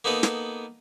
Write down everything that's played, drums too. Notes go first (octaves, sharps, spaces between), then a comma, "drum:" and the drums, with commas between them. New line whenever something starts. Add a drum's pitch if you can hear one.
A#3 B3 D#4 A4 B4
drum: snare